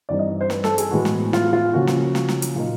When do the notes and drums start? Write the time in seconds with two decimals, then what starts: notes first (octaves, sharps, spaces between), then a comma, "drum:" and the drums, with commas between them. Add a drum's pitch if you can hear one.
0.09 G2 E3 G3 C4 D#4 D5
0.19 D#5
0.41 C5
0.50 B4, drum: snare
0.64 A4, drum: snare
0.78 G#4, drum: hi-hat
0.91 A2 E3 G#3 B3 F#4
1.05 drum: snare
1.33 F4, drum: snare
1.53 F4
1.73 C#3 F3 A#3 C#4 F#4
1.87 drum: snare
2.15 drum: snare
2.29 drum: snare
2.42 drum: hi-hat
2.55 A#2 F#3 A#3 D#4 F4